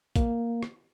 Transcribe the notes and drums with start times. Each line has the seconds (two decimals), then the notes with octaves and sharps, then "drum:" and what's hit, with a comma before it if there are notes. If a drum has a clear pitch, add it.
0.16 A#3, drum: kick A#1, hi-hat
0.63 drum: rim click